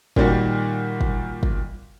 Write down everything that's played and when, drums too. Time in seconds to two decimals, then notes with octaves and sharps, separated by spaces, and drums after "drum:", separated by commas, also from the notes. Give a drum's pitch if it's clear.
0.16 A#2 D#3 G3 F#4, drum: kick
1.01 drum: kick
1.43 drum: kick